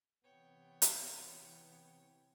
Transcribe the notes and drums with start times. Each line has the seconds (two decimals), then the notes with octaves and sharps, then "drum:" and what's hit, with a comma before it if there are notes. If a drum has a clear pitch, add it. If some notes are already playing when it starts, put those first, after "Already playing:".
0.24 C3 E3 B3 C#5 G5
0.82 drum: hi-hat